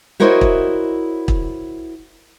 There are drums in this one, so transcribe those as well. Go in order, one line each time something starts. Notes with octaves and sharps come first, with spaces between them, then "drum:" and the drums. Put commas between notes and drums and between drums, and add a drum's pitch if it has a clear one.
E4 F#4 A#4 C5 C#5 D#5
drum: kick
drum: kick